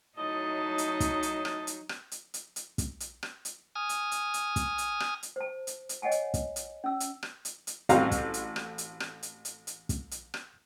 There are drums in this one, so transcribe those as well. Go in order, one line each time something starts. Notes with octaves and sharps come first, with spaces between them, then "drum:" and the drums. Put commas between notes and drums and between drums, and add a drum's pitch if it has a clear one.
A2 F#3 D#4 D#5 A5
drum: hi-hat
drum: kick, hi-hat
drum: hi-hat
drum: rim click
drum: hi-hat
drum: rim click
drum: hi-hat
drum: hi-hat
drum: hi-hat
drum: kick, hi-hat
drum: hi-hat
drum: rim click
drum: hi-hat
G#5 D#6 F6
drum: hi-hat
drum: hi-hat
drum: hi-hat
drum: kick, hi-hat
drum: hi-hat
drum: rim click
drum: hi-hat
C5 A5
drum: hi-hat
drum: hi-hat
C#5 D#5 F#5 G#5 A5
drum: hi-hat
drum: kick, hi-hat
drum: hi-hat
C#4 E6
drum: hi-hat
drum: rim click
drum: hi-hat
drum: hi-hat
A1 G3 C4 F#4 F5 A#5, drum: hi-hat
drum: kick, hi-hat
drum: hi-hat
drum: rim click
drum: hi-hat
drum: rim click
drum: hi-hat
drum: hi-hat
drum: hi-hat
drum: kick, hi-hat
drum: hi-hat
drum: rim click